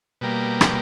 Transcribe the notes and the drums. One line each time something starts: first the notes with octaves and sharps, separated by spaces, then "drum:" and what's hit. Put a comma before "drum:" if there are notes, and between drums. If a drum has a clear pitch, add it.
B2 G3 A#3
drum: rim click